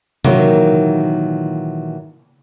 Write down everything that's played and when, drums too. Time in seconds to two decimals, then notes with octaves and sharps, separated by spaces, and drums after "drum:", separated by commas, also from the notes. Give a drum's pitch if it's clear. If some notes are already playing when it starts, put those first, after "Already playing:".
0.25 A#2 D#3 E3 F#3 A#3 D#4, drum: tom C3